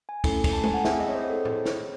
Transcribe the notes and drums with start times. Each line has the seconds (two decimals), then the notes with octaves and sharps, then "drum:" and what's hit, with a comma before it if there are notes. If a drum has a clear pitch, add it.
0.09 G#5
0.24 A3 C#4 E4 A4, drum: kick, cymbal
0.44 drum: kick, cymbal
0.53 A5
0.64 G#5, drum: tom
0.74 F#5
0.84 C4 E4 G#4 E5, drum: snare
1.00 D#5
1.08 C#5
1.15 C5
1.30 A4
1.45 C4 E4 G#4 C5, drum: tom A2
1.65 C#5, drum: snare